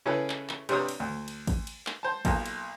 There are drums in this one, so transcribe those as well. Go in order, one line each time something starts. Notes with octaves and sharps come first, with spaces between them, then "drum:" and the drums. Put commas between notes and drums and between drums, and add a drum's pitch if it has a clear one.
C#3 C#4 E4 G#4 A4 B4
drum: clap
drum: clap
C3 G3 D4 B4 C#5 D#6, drum: cymbal
drum: cymbal
D2
drum: cymbal
drum: kick A1, cymbal
drum: cymbal
drum: clap
C5 A5
B1 A#3 F4 A5, drum: kick A1, cymbal
drum: cymbal